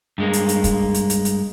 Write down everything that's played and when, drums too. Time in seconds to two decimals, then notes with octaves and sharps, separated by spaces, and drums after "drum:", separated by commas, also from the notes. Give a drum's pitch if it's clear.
0.18 G2 G#3 A#3
0.33 drum: hi-hat
0.49 drum: hi-hat
0.64 drum: kick, hi-hat
0.94 drum: hi-hat
1.10 drum: hi-hat
1.25 drum: hi-hat